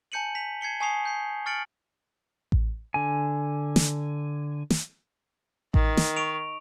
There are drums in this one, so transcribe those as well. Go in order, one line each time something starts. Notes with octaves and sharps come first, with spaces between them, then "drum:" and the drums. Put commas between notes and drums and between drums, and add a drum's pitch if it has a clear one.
G#5 A5 G6 C#7 D#7 F#7
B6 F7
A5 G#6 C7 C#7 G7
G#5 A5 C#6 D#6 C7 F7
G#5 G6 C7
C#6 F6 A6 C#7 D7 F#7
drum: kick A1
D3 G#5
drum: snare
drum: snare
D#3, drum: kick A1
drum: snare
C#6 D7 F7